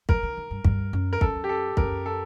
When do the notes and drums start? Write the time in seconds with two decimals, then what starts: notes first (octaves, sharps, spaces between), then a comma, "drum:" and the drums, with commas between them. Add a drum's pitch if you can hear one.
0.09 F#3 A#4, drum: kick
0.23 D#3
0.37 D#3
0.51 G2
0.65 G2, drum: kick
0.93 F#2
1.13 A#4
1.21 F#2 A4, drum: kick
1.44 G4
1.49 A4
1.77 F#2 A#4, drum: kick
2.06 A4